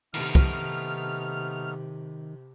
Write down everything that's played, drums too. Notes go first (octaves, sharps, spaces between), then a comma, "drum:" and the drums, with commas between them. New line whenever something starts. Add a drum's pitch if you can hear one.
C3 D#3 A3 B3 D#4 F6, drum: cymbal
drum: kick